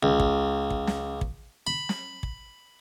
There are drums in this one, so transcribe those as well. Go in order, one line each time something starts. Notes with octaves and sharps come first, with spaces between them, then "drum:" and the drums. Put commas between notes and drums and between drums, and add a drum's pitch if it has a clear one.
C#2
drum: kick
drum: kick
drum: snare
drum: kick
B5
drum: snare
drum: kick